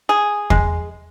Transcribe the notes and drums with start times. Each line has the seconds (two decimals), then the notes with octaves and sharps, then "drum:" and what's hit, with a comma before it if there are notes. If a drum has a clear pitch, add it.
0.09 G#4
0.50 G#3, drum: kick E2